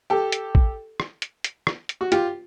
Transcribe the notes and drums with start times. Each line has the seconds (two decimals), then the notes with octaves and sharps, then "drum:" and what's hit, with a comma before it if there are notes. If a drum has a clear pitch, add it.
0.10 G4 A4
0.32 drum: hi-hat
0.55 drum: kick
1.00 drum: rim click
1.22 drum: hi-hat
1.44 drum: hi-hat
1.67 drum: rim click
1.89 drum: hi-hat
2.01 F#4
2.12 F4 G4, drum: hi-hat